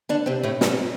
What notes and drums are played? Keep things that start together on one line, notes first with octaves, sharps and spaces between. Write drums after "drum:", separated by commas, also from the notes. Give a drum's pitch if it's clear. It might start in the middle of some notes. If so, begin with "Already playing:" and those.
D3 D4
C3 C4
A2 A3
G2 G3, drum: snare